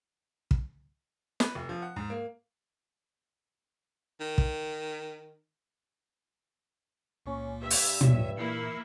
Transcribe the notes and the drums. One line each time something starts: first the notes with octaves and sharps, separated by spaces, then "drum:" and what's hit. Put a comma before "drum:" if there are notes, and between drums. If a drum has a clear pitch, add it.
drum: kick
B4, drum: snare
F1
F3
F#5
G#2
A#3
D#3
drum: kick
C#2 A#2 A#3 C#4 C#6
G2 E5
drum: open hi-hat
D#2 G#2 B2 D3 F3 C#5, drum: tom
A#2 E3 A#3 E4 C7 C#7